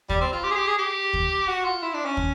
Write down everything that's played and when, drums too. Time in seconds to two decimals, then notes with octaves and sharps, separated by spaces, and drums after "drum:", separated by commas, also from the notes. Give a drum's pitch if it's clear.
0.09 G3, drum: kick
0.21 C4
0.33 F4
0.44 G4
0.51 G#4
0.56 G4
0.67 G#4
0.79 G4
1.13 drum: kick
1.48 F#4
1.65 F4
1.83 E4
1.94 D4
2.06 C#4
2.17 drum: kick